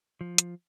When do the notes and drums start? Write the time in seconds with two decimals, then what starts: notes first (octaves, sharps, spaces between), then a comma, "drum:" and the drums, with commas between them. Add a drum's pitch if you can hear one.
0.21 F3
0.38 drum: hi-hat